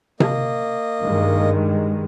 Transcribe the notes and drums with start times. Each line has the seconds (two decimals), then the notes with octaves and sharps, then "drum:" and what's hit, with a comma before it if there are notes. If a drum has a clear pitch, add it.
0.20 A#3 D#5, drum: tom C3
1.01 G2 D#3 G#3